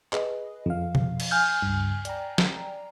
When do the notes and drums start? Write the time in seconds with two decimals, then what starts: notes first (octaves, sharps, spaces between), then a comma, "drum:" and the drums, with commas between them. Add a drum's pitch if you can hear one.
0.13 G#4 B4 D#5, drum: clap
0.66 F2 F3 F5
0.95 drum: tom B2
1.20 drum: cymbal
1.31 G#5 F6 G6
1.62 C#2 G2
2.05 D5 G5 A#5, drum: hi-hat
2.38 drum: snare